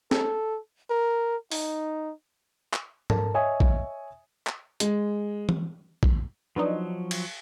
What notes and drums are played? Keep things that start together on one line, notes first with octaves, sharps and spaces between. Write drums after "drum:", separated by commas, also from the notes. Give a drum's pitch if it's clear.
A4, drum: snare
A#4
D#4, drum: open hi-hat
drum: clap
A4 A#4 A5, drum: tom G#2
C#5 D#5 E5 G#5 D#6
drum: kick A#1
drum: clap
G#3, drum: hi-hat
drum: tom E3
drum: kick A#1
F3 F#3 B3 D4 D#4
drum: cymbal